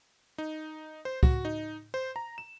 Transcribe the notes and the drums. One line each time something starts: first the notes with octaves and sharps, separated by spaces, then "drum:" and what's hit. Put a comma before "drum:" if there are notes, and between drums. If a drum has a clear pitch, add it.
D#4
C5
F#4, drum: kick
D#4
C5
A#5
E7